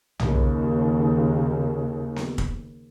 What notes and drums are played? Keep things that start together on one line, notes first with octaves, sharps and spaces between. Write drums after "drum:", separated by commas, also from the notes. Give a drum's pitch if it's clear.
D#2 C#3, drum: tom
drum: snare B3
drum: kick